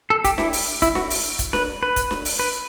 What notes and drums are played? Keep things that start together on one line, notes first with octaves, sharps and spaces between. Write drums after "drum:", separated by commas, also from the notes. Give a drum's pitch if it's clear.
A4
G4, drum: kick, hi-hat
E4, drum: snare D4
drum: open hi-hat
E4, drum: kick, hi-hat
F#4, drum: snare D4
drum: open hi-hat
drum: kick, hi-hat
B4, drum: snare D4
B4
drum: kick, hi-hat
drum: snare D4
drum: open hi-hat
B4